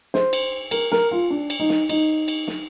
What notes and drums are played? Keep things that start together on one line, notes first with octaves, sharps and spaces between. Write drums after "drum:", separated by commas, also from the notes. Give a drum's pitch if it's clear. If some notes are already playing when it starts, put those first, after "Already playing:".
C5, drum: snare
drum: cymbal
A#4, drum: cymbal
A#4, drum: snare
F4
D4
drum: cymbal
D#4
drum: snare
D#4, drum: cymbal
drum: cymbal
drum: snare